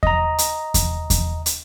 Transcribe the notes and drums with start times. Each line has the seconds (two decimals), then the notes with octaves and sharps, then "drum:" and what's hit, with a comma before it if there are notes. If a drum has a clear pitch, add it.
0.03 D#5 A#5, drum: kick E2
0.38 drum: hi-hat
0.74 drum: kick E2, hi-hat
1.10 drum: kick E2, hi-hat
1.46 drum: hi-hat